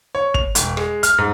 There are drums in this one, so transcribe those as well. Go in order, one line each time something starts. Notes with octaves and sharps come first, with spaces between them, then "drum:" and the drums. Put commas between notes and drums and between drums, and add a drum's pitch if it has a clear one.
C#5
F7, drum: kick
E1, drum: hi-hat
G#3, drum: rim click
F6, drum: hi-hat
G#2